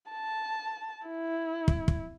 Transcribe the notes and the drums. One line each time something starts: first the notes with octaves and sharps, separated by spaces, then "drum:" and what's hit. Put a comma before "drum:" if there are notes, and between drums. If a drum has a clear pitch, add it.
A5
E4
drum: kick
drum: kick